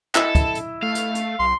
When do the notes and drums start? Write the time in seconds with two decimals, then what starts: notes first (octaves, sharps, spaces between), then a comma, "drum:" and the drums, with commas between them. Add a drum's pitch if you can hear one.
0.15 E4 A4 D#5 E6, drum: clap
0.35 drum: kick, hi-hat
0.55 drum: hi-hat
0.82 A3 F5
0.95 drum: hi-hat
1.15 drum: hi-hat
1.39 B1 C6